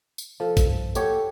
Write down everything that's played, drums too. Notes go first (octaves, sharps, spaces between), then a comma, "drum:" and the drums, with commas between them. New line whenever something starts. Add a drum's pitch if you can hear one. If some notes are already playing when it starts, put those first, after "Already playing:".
drum: tambourine
F3 A4
drum: kick, tambourine
G2
F#4 G4 A4 C#5, drum: tambourine